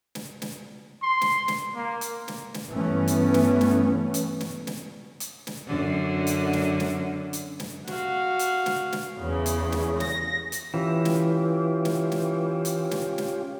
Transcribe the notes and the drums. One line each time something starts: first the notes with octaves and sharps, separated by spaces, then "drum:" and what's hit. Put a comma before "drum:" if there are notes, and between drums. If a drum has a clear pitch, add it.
drum: snare
drum: snare
C6
drum: snare
drum: snare
A#3
drum: hi-hat
drum: snare
drum: snare
G2 E3 A3 B3 C#4
drum: hi-hat
drum: snare
drum: snare
drum: hi-hat
drum: snare
drum: snare
drum: hi-hat
drum: snare
F#2 D3
drum: hi-hat
drum: snare
drum: snare
drum: hi-hat
drum: snare
F#4 F5, drum: snare
drum: hi-hat
drum: snare
drum: snare
E2 C#3
drum: hi-hat
drum: snare
A#6, drum: snare
drum: hi-hat
E3 C#4 F4 G4
drum: snare
drum: snare
drum: snare
drum: hi-hat
drum: snare
drum: snare